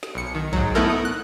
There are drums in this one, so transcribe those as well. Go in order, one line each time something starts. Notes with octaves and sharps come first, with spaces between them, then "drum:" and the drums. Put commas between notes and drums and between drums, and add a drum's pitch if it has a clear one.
drum: snare
B1 C#7
D#3
G#2 F#3, drum: kick
A3 B3 D#4 E4 A4 A#4
D#6
F#6